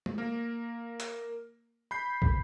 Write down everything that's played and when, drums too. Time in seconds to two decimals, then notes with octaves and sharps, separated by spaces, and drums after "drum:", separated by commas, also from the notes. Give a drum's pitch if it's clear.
0.06 drum: tom
0.18 A#3 A#4
1.00 drum: hi-hat
1.91 B5 G6 C7
2.22 drum: kick